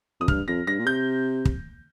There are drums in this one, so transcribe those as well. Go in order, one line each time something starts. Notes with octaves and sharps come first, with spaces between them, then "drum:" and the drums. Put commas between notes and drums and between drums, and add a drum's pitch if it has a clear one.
F2 D#6
G2 F6, drum: kick
F2 A#6
G2 A#6
A#2
C3 G6
drum: kick